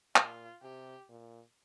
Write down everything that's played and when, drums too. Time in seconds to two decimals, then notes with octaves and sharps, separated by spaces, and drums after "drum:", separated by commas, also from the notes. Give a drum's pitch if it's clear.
0.16 A#2 F4, drum: clap
0.62 C3 G4
1.09 A#2